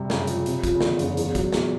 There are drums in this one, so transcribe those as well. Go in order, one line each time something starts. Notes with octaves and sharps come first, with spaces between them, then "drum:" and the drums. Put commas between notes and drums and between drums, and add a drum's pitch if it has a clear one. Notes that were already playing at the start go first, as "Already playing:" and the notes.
Already playing: G2 C3
F#1 C#3, drum: snare
F3, drum: hi-hat
C3, drum: hi-hat
F3, drum: kick, hi-hat
C#3
E2 D3, drum: snare
F#1, drum: hi-hat
E2, drum: hi-hat
F#3, drum: kick, hi-hat
E2 A#2, drum: snare